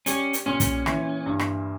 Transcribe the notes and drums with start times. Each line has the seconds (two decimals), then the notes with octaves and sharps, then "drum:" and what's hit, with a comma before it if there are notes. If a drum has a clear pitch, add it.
0.06 G3 C#4, drum: hi-hat
0.33 drum: hi-hat
0.46 A#2 C#4
0.60 drum: kick, hi-hat
0.86 E3, drum: rim click
1.26 G2
1.39 drum: rim click